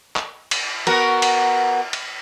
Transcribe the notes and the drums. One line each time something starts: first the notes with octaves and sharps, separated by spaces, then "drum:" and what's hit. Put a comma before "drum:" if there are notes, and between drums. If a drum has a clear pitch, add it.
drum: clap
drum: cymbal
B3 F#4 A#4, drum: cymbal
drum: cymbal
drum: cymbal